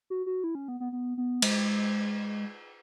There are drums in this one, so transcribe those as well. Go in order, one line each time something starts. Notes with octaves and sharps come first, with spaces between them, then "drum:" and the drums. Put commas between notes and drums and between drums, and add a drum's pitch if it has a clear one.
F#4
F#4
E4
C#4
B3
B3
B3
B3
G#3, drum: cymbal